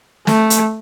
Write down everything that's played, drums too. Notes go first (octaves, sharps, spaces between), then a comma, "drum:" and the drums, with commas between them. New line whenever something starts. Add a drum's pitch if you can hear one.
A3, drum: snare
drum: hi-hat